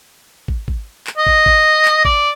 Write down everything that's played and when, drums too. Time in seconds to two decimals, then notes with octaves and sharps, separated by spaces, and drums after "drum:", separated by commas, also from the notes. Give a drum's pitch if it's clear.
0.48 drum: kick
0.68 drum: kick
1.07 drum: clap
1.17 D#5
1.27 drum: kick
1.46 drum: kick
1.85 drum: clap
2.05 D5, drum: kick